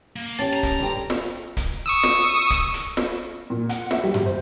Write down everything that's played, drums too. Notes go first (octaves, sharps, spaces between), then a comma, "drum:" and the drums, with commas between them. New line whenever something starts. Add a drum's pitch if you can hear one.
A#3
C#4 G4 A5
A#5
drum: kick C#1, hi-hat
G2 D3 G4
drum: snare
drum: kick C#1, hi-hat
C#6 D#6 E6
drum: snare
drum: kick C#1, hi-hat
drum: hi-hat
drum: snare
A#2
F#5, drum: hi-hat
E5, drum: snare
G3
drum: tom F#2
C5